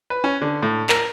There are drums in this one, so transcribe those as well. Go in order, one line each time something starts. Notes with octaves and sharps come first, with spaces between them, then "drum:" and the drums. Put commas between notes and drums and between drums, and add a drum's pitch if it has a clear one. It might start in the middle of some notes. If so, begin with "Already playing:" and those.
B4
C#4
D3
A2
A#4, drum: clap